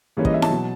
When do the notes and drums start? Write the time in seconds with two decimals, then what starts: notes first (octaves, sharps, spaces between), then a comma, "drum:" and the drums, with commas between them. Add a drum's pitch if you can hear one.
0.17 G#2 E3 G3 A#3 C#4
0.25 D#5, drum: kick
0.34 E5
0.42 A5, drum: snare E4
0.51 B2 F#3